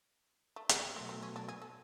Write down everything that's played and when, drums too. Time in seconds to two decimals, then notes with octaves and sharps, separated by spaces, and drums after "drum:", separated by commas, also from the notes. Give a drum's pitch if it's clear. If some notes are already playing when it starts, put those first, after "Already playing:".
0.56 A3
0.69 B3, drum: hi-hat
0.96 B2 F#3 A3 C4
1.09 C4
1.23 C#4
1.36 D4
1.49 G#4
1.62 A4